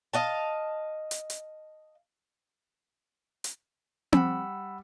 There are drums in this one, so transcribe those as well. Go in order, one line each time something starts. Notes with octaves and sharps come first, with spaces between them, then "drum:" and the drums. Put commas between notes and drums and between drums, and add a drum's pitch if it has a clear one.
D#5 F5 A5
drum: hi-hat
drum: hi-hat
drum: hi-hat
G3 F#5 B5 E6, drum: tom C4